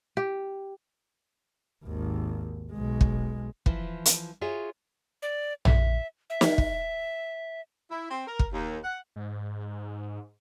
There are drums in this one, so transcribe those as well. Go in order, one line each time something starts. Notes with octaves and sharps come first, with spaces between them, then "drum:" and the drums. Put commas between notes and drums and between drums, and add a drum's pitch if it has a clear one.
G4
G#1 D#2
B1 G#3
drum: kick
E3 F3 E4, drum: kick
drum: hi-hat
F4 F#4 G#4 C#5 E5
D5
E5, drum: tom A#1
E5
drum: snare
drum: kick
E4
C4
A#4
drum: kick
D#2
F#5
G#2